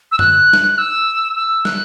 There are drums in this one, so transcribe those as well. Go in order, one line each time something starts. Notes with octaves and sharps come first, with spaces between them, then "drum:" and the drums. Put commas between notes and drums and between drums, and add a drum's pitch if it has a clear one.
E6
F#6, drum: tom F#2
drum: snare
F#6
E6
E6
F#6, drum: snare